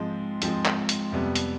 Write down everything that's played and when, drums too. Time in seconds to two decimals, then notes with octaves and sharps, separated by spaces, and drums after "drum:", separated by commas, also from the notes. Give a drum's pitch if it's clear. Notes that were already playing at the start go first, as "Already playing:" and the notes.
Already playing: G#2 F3 G#3 C4
0.42 G#2 F3 G#3 C4, drum: hi-hat
0.66 drum: clap
0.89 drum: hi-hat
1.12 F2 C3 G3 B3
1.35 drum: hi-hat